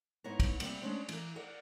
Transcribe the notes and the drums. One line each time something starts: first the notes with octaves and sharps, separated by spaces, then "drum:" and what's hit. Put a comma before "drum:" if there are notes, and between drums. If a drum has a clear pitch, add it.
G#2 B3 E4 A#4 C#5 A#5
drum: kick, cymbal
C3 G3 A#3 B3 C#5 E5, drum: cymbal
G#3 C#4 D4 C5
E3 A#4, drum: cymbal
A#4 D5 F#5